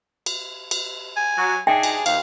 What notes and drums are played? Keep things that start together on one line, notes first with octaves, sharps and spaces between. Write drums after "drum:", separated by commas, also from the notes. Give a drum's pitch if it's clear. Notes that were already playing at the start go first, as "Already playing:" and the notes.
drum: cymbal
drum: cymbal
G#5
F#3
D4 D#4 G#4 E5 G5
drum: cymbal
D#2 F5, drum: cymbal